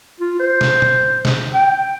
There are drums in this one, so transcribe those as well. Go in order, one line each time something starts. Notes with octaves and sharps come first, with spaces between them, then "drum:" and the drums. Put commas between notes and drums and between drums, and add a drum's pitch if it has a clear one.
F4
C5
drum: snare
drum: tom A#2
drum: snare
G5